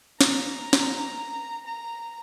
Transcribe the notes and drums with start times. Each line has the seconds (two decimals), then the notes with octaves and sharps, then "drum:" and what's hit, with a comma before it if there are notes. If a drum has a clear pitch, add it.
0.21 A#5, drum: snare
0.73 drum: snare
1.66 A#5